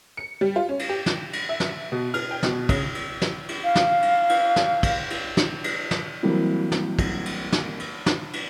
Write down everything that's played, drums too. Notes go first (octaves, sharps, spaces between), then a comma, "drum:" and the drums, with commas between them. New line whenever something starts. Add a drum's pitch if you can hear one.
C#7
G3
F4
C#4
drum: cymbal
G4
drum: snare
drum: cymbal
E5
drum: snare
B2
F6, drum: cymbal
G5
B2, drum: snare
C#3, drum: kick, cymbal
drum: cymbal
drum: snare
drum: cymbal
F5
drum: snare
drum: cymbal
drum: cymbal
drum: snare
drum: kick, cymbal
drum: cymbal
drum: snare
drum: cymbal
drum: snare
E3 F#3 G3 A#3 C4 E4
drum: snare
drum: kick, cymbal
drum: cymbal
drum: snare
drum: cymbal
drum: snare
drum: cymbal